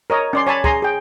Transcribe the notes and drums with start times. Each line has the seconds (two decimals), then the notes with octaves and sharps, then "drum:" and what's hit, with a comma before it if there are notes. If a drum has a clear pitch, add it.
0.10 A#4 C#5 D#5
0.33 C#4 D5 C6
0.47 C#5 G#5 A5 B5
0.64 G#4 G#5 A#5 C6, drum: kick
0.82 G#4 G5